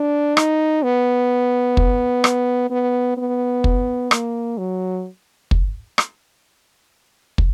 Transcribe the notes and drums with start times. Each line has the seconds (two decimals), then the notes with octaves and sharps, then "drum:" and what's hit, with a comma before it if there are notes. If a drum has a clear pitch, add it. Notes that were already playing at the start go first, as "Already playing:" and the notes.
Already playing: D4
0.37 D#4, drum: rim click
0.83 B3
1.77 drum: kick
2.24 drum: rim click
2.71 B3
3.18 B3
3.64 drum: kick
4.11 A#3, drum: rim click
4.58 F#3
5.51 drum: kick
5.98 drum: rim click
7.38 drum: kick